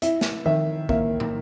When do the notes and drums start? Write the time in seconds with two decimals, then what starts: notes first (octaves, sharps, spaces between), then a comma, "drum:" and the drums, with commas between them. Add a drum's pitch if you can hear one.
0.02 E4 E5, drum: hi-hat
0.21 drum: snare
0.46 D#3 E5
0.89 A#3 E5, drum: kick
1.20 drum: tom